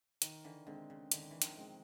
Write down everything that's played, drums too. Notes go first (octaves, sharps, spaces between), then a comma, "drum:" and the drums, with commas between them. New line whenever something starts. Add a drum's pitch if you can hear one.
D#3, drum: hi-hat
D3 E3
D3 G#3 C4
C#3
D3 D#3, drum: hi-hat
E3
D#3 F3, drum: hi-hat
G#3 C4